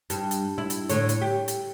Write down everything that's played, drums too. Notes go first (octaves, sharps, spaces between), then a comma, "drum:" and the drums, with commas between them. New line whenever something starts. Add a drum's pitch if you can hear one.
G2, drum: hi-hat
drum: hi-hat
E4
drum: hi-hat
A2 D3 C#5, drum: hi-hat
drum: hi-hat
G4
drum: hi-hat